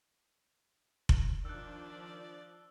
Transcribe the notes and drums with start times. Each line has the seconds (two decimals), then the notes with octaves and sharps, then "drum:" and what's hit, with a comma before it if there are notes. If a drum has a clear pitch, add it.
1.09 drum: kick F1
1.45 D#3 F3 D4 D5 E6 F#6